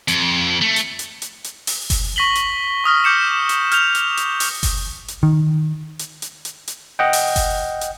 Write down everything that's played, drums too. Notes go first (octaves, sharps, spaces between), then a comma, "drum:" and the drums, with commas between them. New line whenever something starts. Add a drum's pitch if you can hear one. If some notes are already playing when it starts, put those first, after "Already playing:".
F2, drum: hi-hat
A3
drum: hi-hat
drum: hi-hat
drum: hi-hat
drum: hi-hat
drum: open hi-hat
drum: kick F#1, open hi-hat
C#6 A#6 B6 F#7 G7
drum: hi-hat
C#6 D#6 F6 A#6
D6 G6 C#7 E7
drum: hi-hat
F6 G6 F7, drum: hi-hat
drum: hi-hat
drum: hi-hat
drum: open hi-hat
drum: kick F#1, open hi-hat
drum: hi-hat
D#3
drum: hi-hat
drum: hi-hat
drum: hi-hat
drum: hi-hat
D#5 F#5 G5
drum: open hi-hat
drum: kick F#1, open hi-hat
drum: hi-hat